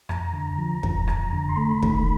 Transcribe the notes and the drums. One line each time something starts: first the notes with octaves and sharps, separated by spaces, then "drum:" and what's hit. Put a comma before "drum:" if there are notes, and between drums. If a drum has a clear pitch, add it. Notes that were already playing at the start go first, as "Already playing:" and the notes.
F2 A#5, drum: rim click
D3
F3
F2, drum: kick
F2, drum: rim click
D3
C6
A3 B5
D#3, drum: kick
B5